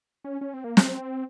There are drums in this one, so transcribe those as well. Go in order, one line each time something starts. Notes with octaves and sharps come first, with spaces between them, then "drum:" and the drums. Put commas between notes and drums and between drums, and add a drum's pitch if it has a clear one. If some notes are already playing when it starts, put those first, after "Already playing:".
C#4
C#4
C4
A#3
C4, drum: snare